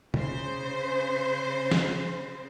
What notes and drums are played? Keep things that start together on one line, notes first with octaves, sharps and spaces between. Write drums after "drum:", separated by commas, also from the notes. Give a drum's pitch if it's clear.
C#3 C5, drum: tom
drum: snare